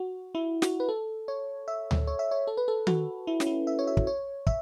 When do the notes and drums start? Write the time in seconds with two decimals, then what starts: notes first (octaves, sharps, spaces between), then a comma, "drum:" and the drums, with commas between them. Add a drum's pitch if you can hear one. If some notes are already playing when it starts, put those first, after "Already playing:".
Already playing: F#4
0.35 E4
0.62 F#4, drum: snare
0.80 B4
0.89 A4
1.28 C#5
1.68 E5
1.91 drum: tom D2
2.07 C#5
2.19 E5
2.31 C#5
2.47 A4
2.57 B4
2.68 A4
2.87 F#4, drum: tom D#3
3.27 E4
3.40 C#4, drum: snare
3.46 E4
3.67 E5
3.79 C#5
3.87 E5
3.97 drum: kick
4.07 C#5
4.47 E5, drum: kick